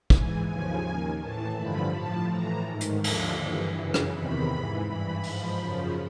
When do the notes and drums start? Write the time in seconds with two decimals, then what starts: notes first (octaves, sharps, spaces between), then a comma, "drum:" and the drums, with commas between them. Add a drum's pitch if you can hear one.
0.10 G#2 E3 G#5, drum: kick
0.47 D#2 C#3 F3 G#5
0.84 D#2 D#3
1.21 A2 E3 A5
1.57 G2 D3 F3 B5
1.94 A2 F3 A5
2.30 A2 E3 A#5
2.67 G#2 D#3
2.80 drum: hi-hat
3.04 D#2 D3 F3, drum: cymbal
3.40 G2 E3
3.77 F#2 C#3 E3
3.94 drum: rim click
4.13 E2 C3 D#3 B5
4.50 G#2 E3
4.86 G2 E3 B5
5.23 G#2 F3, drum: open hi-hat
5.60 F#2 C#3 F3